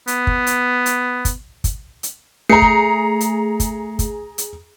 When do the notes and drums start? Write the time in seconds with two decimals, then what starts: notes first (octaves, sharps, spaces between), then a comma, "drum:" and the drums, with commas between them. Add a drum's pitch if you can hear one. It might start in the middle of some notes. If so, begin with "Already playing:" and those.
0.07 B3, drum: hi-hat
0.27 drum: kick
0.47 drum: hi-hat
0.86 drum: hi-hat
1.25 drum: kick, hi-hat
1.64 drum: kick, hi-hat
2.03 drum: hi-hat
2.49 A3 G#4 A#5 C7 C#7
2.62 drum: kick
3.21 drum: hi-hat
3.60 drum: kick, hi-hat
3.99 drum: kick, hi-hat
4.38 drum: hi-hat